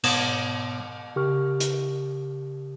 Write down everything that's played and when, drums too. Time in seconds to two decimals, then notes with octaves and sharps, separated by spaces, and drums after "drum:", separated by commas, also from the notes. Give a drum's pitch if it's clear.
0.03 G#2 B2 B3 C#5 D#6, drum: cymbal
1.16 C#3 G4 A#4 C#6 F6
1.60 drum: hi-hat